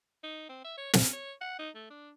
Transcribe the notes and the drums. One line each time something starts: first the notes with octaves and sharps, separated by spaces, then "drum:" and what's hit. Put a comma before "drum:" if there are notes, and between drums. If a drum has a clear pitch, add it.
D#4
C4
E5
C#5
C#4, drum: snare
C#5
F#5
D#4
A3
D4